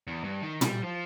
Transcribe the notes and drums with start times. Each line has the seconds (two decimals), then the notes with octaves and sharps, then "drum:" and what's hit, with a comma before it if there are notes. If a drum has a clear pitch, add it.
0.07 E2
0.24 G2
0.42 D#3
0.61 G3, drum: tom
0.83 F3